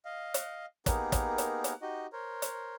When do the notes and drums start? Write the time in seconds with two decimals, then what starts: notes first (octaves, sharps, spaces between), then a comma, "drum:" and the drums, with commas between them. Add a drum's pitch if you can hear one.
0.05 D#5 F5
0.34 drum: hi-hat
0.86 A#3 B3 D#4 G4 G#4 A#4, drum: kick, hi-hat
1.12 drum: kick, hi-hat
1.38 drum: hi-hat
1.64 drum: hi-hat
1.82 D#4 F#4 G4 D#5
2.13 A#4 C5 C#5
2.42 drum: hi-hat